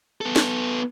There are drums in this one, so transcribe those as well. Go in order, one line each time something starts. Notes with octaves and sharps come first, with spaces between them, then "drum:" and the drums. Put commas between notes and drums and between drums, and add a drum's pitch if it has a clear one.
B3 A4
drum: snare